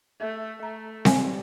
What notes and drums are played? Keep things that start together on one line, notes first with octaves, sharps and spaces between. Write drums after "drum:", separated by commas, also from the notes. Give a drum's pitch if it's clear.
A3 E5
A3 A#5
G3 G#5, drum: snare C4